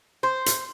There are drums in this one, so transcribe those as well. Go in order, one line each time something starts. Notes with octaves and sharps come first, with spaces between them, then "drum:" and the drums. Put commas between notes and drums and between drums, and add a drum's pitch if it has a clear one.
C5
drum: hi-hat